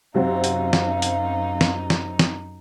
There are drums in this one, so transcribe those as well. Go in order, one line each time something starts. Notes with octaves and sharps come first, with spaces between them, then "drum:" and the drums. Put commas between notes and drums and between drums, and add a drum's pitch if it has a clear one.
F#2 C3 F#3 C4 D#4 F5
drum: hi-hat
drum: snare
drum: hi-hat
drum: snare
drum: snare
drum: snare